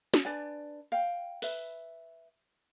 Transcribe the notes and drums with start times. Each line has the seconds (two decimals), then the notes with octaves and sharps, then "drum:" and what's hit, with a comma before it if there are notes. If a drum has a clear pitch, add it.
0.14 drum: snare
0.25 D4 B4 D5 G#5
0.92 F5 G5
1.42 B4 E5, drum: open hi-hat